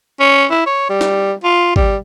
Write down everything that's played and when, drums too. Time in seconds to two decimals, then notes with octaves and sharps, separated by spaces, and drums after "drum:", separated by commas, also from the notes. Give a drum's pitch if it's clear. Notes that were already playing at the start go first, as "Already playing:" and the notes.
0.20 C#4
0.51 E4
0.66 C#5
0.90 G3
1.01 drum: snare
1.44 F4
1.76 G3, drum: kick